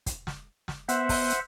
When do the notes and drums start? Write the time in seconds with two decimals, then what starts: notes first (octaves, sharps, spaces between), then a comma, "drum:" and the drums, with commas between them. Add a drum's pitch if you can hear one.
0.06 drum: kick, hi-hat
0.27 drum: snare
0.68 drum: snare
0.89 B3 C5 E5 F#5, drum: hi-hat
1.09 drum: kick, open hi-hat
1.30 drum: hi-hat